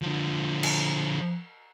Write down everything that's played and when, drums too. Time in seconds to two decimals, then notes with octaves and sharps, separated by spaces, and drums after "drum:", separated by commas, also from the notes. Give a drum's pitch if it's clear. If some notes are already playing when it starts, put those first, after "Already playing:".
0.02 D3 F3
0.63 drum: cymbal